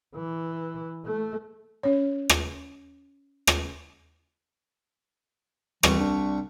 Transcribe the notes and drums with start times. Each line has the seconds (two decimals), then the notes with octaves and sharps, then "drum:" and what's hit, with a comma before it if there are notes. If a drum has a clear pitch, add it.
0.15 E3
1.05 A3
1.83 C#4 C#5
2.29 drum: rim click
3.47 drum: rim click
5.83 C2 E3 C#6, drum: rim click
5.99 D4